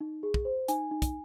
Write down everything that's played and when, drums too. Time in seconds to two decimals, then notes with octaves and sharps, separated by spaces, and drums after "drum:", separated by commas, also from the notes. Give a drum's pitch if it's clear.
0.01 D#4
0.23 G#4
0.34 drum: kick
0.45 C5
0.68 D#4 G#5, drum: hi-hat
0.91 D#4
1.02 drum: kick, hi-hat